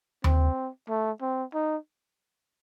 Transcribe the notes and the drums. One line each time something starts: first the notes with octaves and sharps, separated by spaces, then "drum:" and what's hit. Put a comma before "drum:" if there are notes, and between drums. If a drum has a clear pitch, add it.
C4, drum: tom D#2
A3
C4
D#4